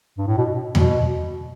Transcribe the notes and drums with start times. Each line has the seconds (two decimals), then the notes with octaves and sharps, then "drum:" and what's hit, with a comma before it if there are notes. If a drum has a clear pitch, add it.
0.18 G2
0.27 A2
0.38 B2
0.75 B2, drum: tom E2